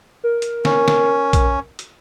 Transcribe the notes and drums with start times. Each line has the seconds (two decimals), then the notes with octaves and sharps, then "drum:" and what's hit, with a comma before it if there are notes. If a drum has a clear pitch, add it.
0.24 A#4
0.42 drum: hi-hat
0.65 C#4, drum: snare
0.88 drum: snare
1.33 drum: kick A#1, hi-hat
1.79 drum: hi-hat